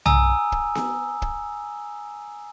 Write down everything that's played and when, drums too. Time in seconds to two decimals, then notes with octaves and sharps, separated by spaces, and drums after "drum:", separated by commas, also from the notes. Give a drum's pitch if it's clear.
0.06 G#5 A#5 D#6 E6, drum: tom
0.52 drum: kick
0.75 drum: snare B3
1.22 drum: kick